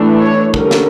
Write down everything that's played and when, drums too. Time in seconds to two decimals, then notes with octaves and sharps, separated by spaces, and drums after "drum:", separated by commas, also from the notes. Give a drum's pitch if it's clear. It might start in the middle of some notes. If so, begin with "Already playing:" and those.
Already playing: E3 A3 D4
0.19 C#5
0.54 D3 G3 C#4 A#4, drum: kick
0.71 drum: snare